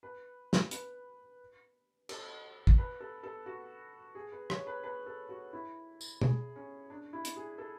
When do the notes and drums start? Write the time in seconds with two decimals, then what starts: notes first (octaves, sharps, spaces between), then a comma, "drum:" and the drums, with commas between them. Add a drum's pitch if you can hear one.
0.03 B4
0.53 drum: snare
0.71 B4, drum: hi-hat
2.09 A4, drum: cymbal
2.67 drum: kick
2.78 B4
3.00 A4
3.23 A4
3.46 F#4
4.15 G#4
4.32 B4
4.50 C#5, drum: rim click
4.67 B4
4.84 B4
5.06 A4
5.29 F#4
5.53 E4
6.01 drum: tambourine
6.22 G#4, drum: tom
6.56 C#4
6.90 D4
7.13 E4
7.25 drum: hi-hat
7.36 G#4
7.58 A4